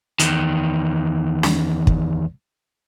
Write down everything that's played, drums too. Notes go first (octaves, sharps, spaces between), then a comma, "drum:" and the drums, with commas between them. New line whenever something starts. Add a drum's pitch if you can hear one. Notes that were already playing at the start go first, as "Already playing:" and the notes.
E2 D#3, drum: hi-hat
drum: snare
drum: kick